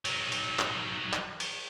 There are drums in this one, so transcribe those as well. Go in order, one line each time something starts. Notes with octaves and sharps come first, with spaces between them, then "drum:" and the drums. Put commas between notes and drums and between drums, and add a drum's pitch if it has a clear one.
F#3 D#4, drum: cymbal
drum: cymbal
drum: clap
drum: clap
drum: cymbal